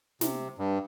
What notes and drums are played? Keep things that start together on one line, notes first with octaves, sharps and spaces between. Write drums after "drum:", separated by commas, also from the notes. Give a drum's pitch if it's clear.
C3, drum: snare
G2